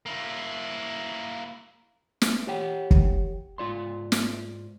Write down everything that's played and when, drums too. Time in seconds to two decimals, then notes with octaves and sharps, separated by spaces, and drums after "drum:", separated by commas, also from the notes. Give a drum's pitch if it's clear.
0.06 A#3 E4
2.22 drum: snare
2.47 G4 C#5 F#5 G5
2.91 drum: kick
3.58 G#2 F4 D5 C6
4.12 drum: snare